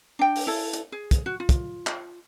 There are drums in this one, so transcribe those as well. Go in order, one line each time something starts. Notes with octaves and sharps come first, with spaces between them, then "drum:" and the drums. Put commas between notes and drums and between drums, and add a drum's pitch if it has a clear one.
D4 G5
drum: open hi-hat
E4 A4
drum: hi-hat
G#4
drum: kick, hi-hat
F#4
F4
drum: kick, hi-hat
drum: clap